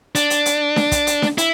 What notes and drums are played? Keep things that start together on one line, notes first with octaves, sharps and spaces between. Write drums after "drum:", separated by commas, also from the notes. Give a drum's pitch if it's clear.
D4, drum: hi-hat
drum: hi-hat
drum: hi-hat
drum: snare D4
drum: kick, hi-hat
drum: hi-hat
drum: snare D4
E4, drum: hi-hat